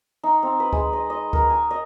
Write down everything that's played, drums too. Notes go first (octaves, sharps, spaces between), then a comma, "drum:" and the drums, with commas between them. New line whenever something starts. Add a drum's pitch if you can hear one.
D#4
C4
B4
G#3, drum: kick C#2
D#5
D#5
A#4, drum: kick C#2
G#5
D#5